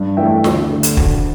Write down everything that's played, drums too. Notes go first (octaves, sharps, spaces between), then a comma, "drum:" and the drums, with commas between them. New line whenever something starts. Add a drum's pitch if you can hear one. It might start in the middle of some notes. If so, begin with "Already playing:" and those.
Already playing: G2
E3 A3 E5 G5
D2, drum: snare
D3 A3
drum: hi-hat
D2, drum: kick